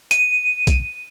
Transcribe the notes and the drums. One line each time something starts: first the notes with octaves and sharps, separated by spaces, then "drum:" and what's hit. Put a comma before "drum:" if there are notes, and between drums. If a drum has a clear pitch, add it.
D#7, drum: hi-hat
drum: kick B1, hi-hat